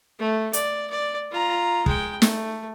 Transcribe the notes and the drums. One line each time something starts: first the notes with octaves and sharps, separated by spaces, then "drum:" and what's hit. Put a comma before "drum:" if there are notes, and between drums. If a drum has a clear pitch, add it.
A3
D5, drum: hi-hat
D5
F4 A#5
G#3 G5, drum: kick
A3, drum: snare